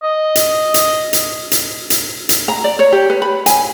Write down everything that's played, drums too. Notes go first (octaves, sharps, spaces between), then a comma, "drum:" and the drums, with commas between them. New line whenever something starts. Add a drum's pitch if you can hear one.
D#5
drum: hi-hat
drum: hi-hat
drum: hi-hat
drum: hi-hat
drum: hi-hat
drum: hi-hat
A#5
D5
C#5
G4
B4
B5
G#5, drum: hi-hat